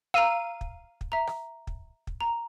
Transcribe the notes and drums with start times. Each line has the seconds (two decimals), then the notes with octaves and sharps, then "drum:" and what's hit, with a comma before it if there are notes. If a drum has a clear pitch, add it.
0.14 F5 A#5 E6 D#7
0.61 drum: kick
1.01 drum: kick
1.12 E5 A#5
1.27 drum: rim click
1.67 drum: kick
2.07 drum: kick
2.21 A#5